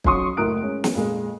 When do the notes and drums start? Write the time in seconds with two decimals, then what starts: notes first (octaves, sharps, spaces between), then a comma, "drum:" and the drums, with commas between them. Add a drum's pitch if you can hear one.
0.04 F2 F#3 C#4 C6 C#6 D#6, drum: kick
0.37 F#1 A2 A#4 D#6 F#6 D7
0.62 G#3 C#4
0.84 drum: snare
0.95 F2 A#2 G#3